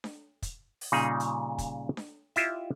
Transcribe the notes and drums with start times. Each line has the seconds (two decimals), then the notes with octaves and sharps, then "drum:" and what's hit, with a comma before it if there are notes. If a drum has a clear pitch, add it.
0.04 drum: snare D4
0.42 drum: kick, hi-hat
0.81 drum: open hi-hat
0.92 A#2 C#3 G3 D#4 G#4
1.20 drum: hi-hat
1.58 drum: kick, hi-hat
1.97 drum: snare D4
2.36 E4 F4 G4 D#5 E5, drum: hi-hat